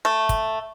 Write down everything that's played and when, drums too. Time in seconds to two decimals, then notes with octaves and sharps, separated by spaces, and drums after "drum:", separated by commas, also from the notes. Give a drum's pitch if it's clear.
0.05 A3
0.29 drum: kick, hi-hat